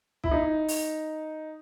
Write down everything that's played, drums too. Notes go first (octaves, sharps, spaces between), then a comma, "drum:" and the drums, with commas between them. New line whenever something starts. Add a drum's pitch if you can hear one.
E4, drum: kick
D#4
drum: open hi-hat